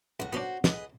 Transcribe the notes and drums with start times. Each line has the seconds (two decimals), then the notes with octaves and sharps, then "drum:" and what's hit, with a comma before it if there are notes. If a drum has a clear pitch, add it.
0.20 C#2 A2 F#4
0.33 B3 C#4 D4 F#4 C5
0.64 C#2 G#4 B4 D#5, drum: snare